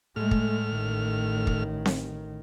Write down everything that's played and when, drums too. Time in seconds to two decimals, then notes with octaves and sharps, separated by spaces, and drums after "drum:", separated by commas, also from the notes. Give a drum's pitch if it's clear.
0.16 A2 G#3 A3 F6
0.31 drum: kick
0.70 A1 D#3
1.47 drum: kick
1.86 drum: snare C4